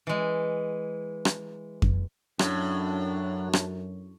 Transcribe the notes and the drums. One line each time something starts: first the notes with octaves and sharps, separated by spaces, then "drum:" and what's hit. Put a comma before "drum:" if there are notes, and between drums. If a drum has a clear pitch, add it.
E3 G#3
drum: rim click
drum: kick F2
F#2 A2 F#3 D4, drum: rim click
drum: rim click